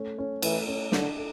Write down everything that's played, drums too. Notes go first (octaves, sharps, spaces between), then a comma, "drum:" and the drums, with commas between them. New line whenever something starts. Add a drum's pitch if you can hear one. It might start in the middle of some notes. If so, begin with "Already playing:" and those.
Already playing: A3 C#4
C#4
E3 A3, drum: cymbal
C#4
D3 D4, drum: snare
A4